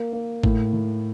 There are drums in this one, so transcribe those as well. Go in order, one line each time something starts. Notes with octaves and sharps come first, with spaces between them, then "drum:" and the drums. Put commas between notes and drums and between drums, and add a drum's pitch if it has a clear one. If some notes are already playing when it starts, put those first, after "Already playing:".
Already playing: A#3
A#3
A2, drum: kick G#1
A2